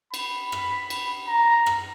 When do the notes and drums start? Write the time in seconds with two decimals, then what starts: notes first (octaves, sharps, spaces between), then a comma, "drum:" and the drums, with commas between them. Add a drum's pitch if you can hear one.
0.14 B5, drum: cymbal
0.52 drum: rim click
0.90 drum: cymbal
1.28 A#5
1.66 drum: rim click